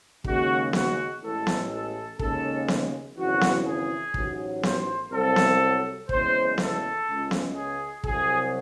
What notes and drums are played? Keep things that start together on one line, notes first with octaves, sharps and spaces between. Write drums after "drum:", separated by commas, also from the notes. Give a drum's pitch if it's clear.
D#2 C#3 G#3 F#4, drum: kick
F#4, drum: snare B3
A1 A2 G#3 A4
drum: snare B3
A4
D#2 C#3 G#3 A4, drum: kick
drum: snare B3
G#1 F#2 C#3 E3 F#4
drum: snare B3
G#4
A1 G#2 F#3, drum: kick
C5, drum: snare B3
C2 C3 F#3 A4
drum: snare B3
F#1 E2 C#3 G#3 C5, drum: kick
A4, drum: snare B3
C#2 C#3 G#3
drum: snare B3
G#4
C2 C3 F#3 G#4, drum: kick